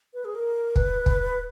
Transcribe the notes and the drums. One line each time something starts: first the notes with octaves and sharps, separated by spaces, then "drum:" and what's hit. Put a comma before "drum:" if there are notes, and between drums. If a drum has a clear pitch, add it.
B4
G#4
A#4
B4, drum: kick
drum: kick